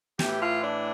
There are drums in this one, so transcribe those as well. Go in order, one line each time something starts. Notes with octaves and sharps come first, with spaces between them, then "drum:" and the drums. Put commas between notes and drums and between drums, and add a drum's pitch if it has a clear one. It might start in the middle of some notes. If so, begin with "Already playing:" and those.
A2 E3 G4, drum: snare
F4
D4